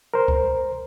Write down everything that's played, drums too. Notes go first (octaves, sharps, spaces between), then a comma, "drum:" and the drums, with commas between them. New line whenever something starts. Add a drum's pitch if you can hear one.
A#4 C5
drum: kick C#2